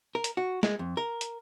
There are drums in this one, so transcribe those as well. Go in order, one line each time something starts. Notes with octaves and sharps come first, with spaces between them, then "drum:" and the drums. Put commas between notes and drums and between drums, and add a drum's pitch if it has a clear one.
A#4
drum: hi-hat
F#4
G#3, drum: snare
F2
A#4
drum: hi-hat